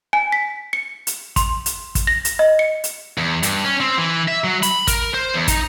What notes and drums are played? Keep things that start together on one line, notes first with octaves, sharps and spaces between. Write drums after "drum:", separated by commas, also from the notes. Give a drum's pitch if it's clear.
G#5
B6
C#7
drum: hi-hat
C6, drum: kick, hi-hat
drum: hi-hat
drum: kick, hi-hat
A#6
drum: hi-hat
D#5
C#7
drum: hi-hat
E2
G2, drum: hi-hat
C#4
C4
E3
E5
F#3
B5, drum: hi-hat
A#4, drum: kick, hi-hat
C5
E2
D#4, drum: kick, hi-hat